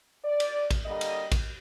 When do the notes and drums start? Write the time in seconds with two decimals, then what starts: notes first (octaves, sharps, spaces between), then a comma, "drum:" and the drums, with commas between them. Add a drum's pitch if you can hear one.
0.25 D5
0.40 drum: cymbal
0.71 drum: kick A1, cymbal
0.86 D3 G3 A#3 D#5
1.01 drum: cymbal
1.32 drum: kick A1, cymbal